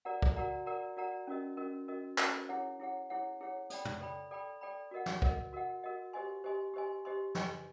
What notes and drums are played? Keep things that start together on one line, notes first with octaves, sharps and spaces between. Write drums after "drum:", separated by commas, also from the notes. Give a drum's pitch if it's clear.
F#4 A#4 D5 F#5 A#5
drum: kick
F#4 A#4 D5 F#5 A#5
F#4 A#4 D5 F#5 A#5
F#4 A#4 D5 F#5 A#5
C#4 F#4 A#4 D#5
C#4 F#4 A#4 D#5
C#4 F#4 A#4 D#5
C#4 F#4 A#4 D#5, drum: clap
E4 G#4 C#5 F#5
E4 G#4 C#5 F#5
E4 G#4 C#5 F#5
E4 G#4 C#5 F#5
A4 D5 G5 B5, drum: hi-hat
drum: tom
A4 D5 G5 B5
A4 D5 G5 B5
A4 D5 G5 B5
F#4 A#4 D#5 F#5
drum: snare
F#4 A#4 D#5 F#5, drum: kick
F#4 A#4 D#5 F#5
F#4 A#4 D#5 F#5
G4 C5 D#5 G#5 C6
G4 C5 D#5 G#5 C6
G4 C5 D#5 G#5 C6
G4 C5 D#5 G#5 C6
B4 D#5 G#5, drum: snare